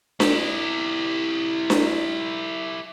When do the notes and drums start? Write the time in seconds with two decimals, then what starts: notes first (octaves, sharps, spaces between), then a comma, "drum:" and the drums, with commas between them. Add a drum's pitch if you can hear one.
0.20 E4 G4, drum: snare D4
1.70 drum: snare D4